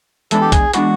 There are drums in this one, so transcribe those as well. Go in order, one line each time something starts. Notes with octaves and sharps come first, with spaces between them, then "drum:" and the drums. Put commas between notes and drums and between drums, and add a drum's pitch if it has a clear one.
E3 G#3 B3 D4 A4, drum: hi-hat
G4
G#4, drum: kick, hi-hat
E3 G#3 B3 D4 F#4, drum: hi-hat